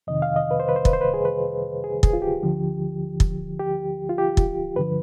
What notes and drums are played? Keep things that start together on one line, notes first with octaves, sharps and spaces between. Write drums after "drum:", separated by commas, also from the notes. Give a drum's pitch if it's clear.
F2 C3 D#3 D#5
F5
D#5
B4
C5
B4
C5
B4, drum: kick
C5
B4
G#4
B4
G#4
G#4, drum: kick
F4
G4
D2 D3 F3
drum: kick
G4
F4
G4
drum: kick
G2 D3 F3 B4